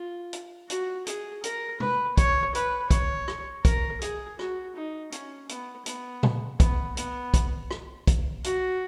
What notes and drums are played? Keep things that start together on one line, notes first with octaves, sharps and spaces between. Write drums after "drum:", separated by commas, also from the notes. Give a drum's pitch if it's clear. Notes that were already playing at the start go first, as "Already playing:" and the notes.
Already playing: F4
drum: hi-hat
F#4, drum: hi-hat
G#4, drum: hi-hat
A#4, drum: hi-hat
B4, drum: tom
C#5, drum: kick, hi-hat
B4, drum: hi-hat
C#5, drum: kick, hi-hat
drum: rim click
A#4, drum: kick, hi-hat
G#4, drum: hi-hat
F#4, drum: rim click
D#4
C#4, drum: hi-hat
B3, drum: hi-hat
B3, drum: hi-hat
drum: tom A#2
B3, drum: kick, hi-hat
B3, drum: hi-hat
drum: kick, hi-hat
drum: rim click
drum: kick, hi-hat
F#4, drum: hi-hat